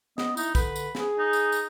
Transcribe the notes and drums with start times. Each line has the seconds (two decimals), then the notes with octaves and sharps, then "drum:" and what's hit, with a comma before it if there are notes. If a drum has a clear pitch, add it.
0.18 B3 D#5, drum: snare
0.37 D#4 E4, drum: tambourine
0.55 D3 B4, drum: kick, tambourine
0.76 drum: tambourine
0.95 G#4, drum: snare
1.19 D#4
1.33 drum: tambourine
1.52 drum: tambourine